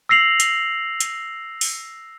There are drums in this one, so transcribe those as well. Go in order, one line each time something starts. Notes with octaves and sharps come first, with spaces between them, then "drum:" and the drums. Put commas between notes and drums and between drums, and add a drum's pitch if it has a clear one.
E6 A#6 C7 F7 F#7
drum: hi-hat
drum: hi-hat
drum: open hi-hat